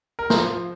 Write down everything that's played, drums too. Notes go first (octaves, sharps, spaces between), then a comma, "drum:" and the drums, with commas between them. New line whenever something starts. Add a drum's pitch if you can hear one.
A#4
F3 C5, drum: snare
F3